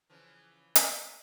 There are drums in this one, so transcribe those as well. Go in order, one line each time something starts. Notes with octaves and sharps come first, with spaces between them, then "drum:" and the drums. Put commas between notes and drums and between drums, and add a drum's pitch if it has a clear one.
C#3 E3 F3
drum: hi-hat